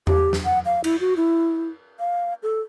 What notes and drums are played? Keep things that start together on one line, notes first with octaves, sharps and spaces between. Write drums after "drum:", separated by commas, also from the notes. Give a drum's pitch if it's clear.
G4, drum: tom E2
drum: snare
F#5
F5
E4, drum: cymbal
F#4
E4
F5
A4